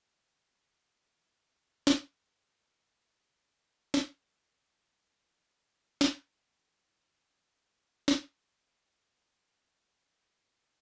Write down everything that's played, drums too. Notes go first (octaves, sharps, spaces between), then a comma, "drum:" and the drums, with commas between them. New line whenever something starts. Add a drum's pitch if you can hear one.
D#3 E3 F#3 C#4
drum: snare
E4
drum: snare
A3
drum: snare
G#1 F#2
drum: snare
C#5 C6 C#6
C#5